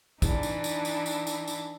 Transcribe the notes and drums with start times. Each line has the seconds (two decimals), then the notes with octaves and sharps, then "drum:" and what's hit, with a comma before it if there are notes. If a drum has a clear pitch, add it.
0.22 E3 D4 D#4, drum: kick, tambourine
0.43 drum: tambourine
0.64 drum: tambourine
0.85 drum: tambourine
1.06 drum: tambourine
1.27 drum: tambourine
1.48 drum: tambourine